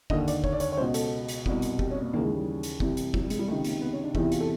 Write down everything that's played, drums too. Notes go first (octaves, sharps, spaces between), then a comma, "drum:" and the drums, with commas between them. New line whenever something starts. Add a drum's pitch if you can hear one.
D#2 D3 D#5, drum: kick
D5, drum: hi-hat
C#5, drum: kick
D5
C#5, drum: hi-hat
C#5
C#2 B2 C5
A4, drum: hi-hat
drum: hi-hat
C2 B2, drum: kick
drum: hi-hat
G4, drum: kick
C#4
A#3
D#2 C#3 E3 A#3
G#3
G3
drum: hi-hat
C2 C3 E3, drum: kick
drum: hi-hat
F#3, drum: kick
G3
G#3, drum: hi-hat
G3
C#2 C3 D#3 A3
A#3, drum: hi-hat
B3
C#4
D4
E2 C3 E3 D#4, drum: kick
E4
F4, drum: hi-hat
A4